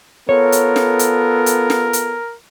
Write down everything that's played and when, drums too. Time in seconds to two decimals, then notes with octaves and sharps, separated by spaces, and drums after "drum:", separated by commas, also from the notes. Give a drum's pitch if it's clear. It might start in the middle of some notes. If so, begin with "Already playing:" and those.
0.29 B3 F4 A4 A#4 C#5
0.52 drum: hi-hat
0.76 drum: snare
0.99 drum: hi-hat
1.46 drum: hi-hat
1.70 drum: snare
1.93 drum: hi-hat